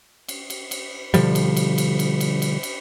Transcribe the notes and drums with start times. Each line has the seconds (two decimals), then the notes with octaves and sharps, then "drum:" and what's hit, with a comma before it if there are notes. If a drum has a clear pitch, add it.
0.29 drum: cymbal
0.50 drum: cymbal
0.71 drum: cymbal
1.14 B2 D3 F3 G3, drum: cymbal
1.35 drum: cymbal
1.57 drum: cymbal
1.78 drum: cymbal
1.99 drum: cymbal
2.21 drum: cymbal
2.42 drum: cymbal
2.63 drum: cymbal